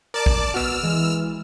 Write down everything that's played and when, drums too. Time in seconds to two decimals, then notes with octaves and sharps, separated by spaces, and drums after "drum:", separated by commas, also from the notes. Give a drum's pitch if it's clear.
0.14 A#4 D5 A5 D6
0.26 drum: kick
0.54 B3 F#4 E6 F6
0.83 E3 G#3